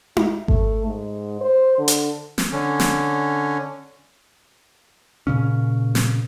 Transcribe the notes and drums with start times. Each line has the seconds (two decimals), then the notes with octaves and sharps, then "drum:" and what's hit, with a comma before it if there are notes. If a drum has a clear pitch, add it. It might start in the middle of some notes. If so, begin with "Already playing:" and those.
0.17 E4, drum: tom D#4
0.48 A3, drum: kick G#1
0.86 G#2
1.41 C5
1.78 D3
1.88 drum: hi-hat
2.38 drum: snare
2.52 D3 C#4
2.80 drum: snare
5.27 A#2 C#3 C#4
5.95 drum: snare